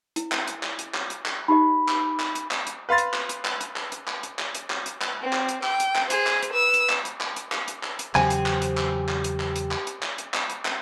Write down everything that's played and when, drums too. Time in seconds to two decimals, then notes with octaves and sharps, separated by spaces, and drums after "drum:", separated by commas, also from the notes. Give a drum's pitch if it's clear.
0.16 E4, drum: hi-hat
0.32 drum: clap
0.47 drum: hi-hat
0.63 drum: clap
0.79 drum: hi-hat
0.94 drum: clap
1.10 drum: hi-hat
1.26 drum: clap
1.48 D#4 G4 D#5 B5
1.88 drum: clap
2.20 drum: clap
2.35 drum: hi-hat
2.51 drum: clap
2.67 drum: hi-hat
2.89 B4 F5 C6 A6
2.98 drum: hi-hat
3.14 drum: clap
3.29 drum: hi-hat
3.45 drum: clap
3.61 drum: hi-hat
3.76 drum: clap
3.92 drum: hi-hat
4.08 drum: clap
4.23 drum: hi-hat
4.39 drum: clap
4.55 drum: hi-hat
4.70 drum: clap
4.86 drum: hi-hat
5.02 drum: clap
5.22 C4
5.33 drum: clap
5.49 drum: hi-hat
5.63 G5, drum: clap
5.80 drum: hi-hat
5.95 drum: clap
6.10 G#4 C5, drum: hi-hat
6.27 drum: clap
6.42 drum: hi-hat
6.53 B4 E6
6.74 drum: hi-hat
6.89 drum: clap
7.05 drum: hi-hat
7.21 drum: clap
7.36 drum: hi-hat
7.52 drum: clap
7.68 drum: hi-hat
7.83 drum: clap
7.99 drum: hi-hat
8.15 E2 C#3 F#3 C4 G4 G#5, drum: clap
8.30 drum: hi-hat
8.46 drum: clap
8.62 drum: hi-hat
8.77 drum: clap
9.09 drum: clap
9.24 drum: hi-hat
9.40 drum: clap
9.56 drum: hi-hat
9.71 drum: clap
9.87 drum: hi-hat
10.03 drum: clap
10.18 drum: hi-hat
10.34 drum: clap
10.50 drum: hi-hat
10.65 drum: clap